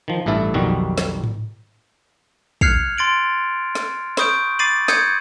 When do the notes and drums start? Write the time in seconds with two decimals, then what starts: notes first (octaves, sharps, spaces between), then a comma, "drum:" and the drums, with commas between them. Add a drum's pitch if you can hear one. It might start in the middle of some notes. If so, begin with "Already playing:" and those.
0.08 D#3 F3
0.26 A1 G2 A3 E4 A4
0.54 B1 F2 D#3 G3 F#4
0.98 drum: snare
1.24 drum: tom G#2
2.61 F6 F#6 G#6 C7 C#7 F7, drum: kick
2.98 C6 A6 D7 F#7
3.75 drum: snare
4.17 B5 C#6 D#6 G6 D7, drum: snare
4.59 B5 D6 A6 C7 D#7 F#7
4.88 D#6 G6 G#6 C#7 D#7, drum: snare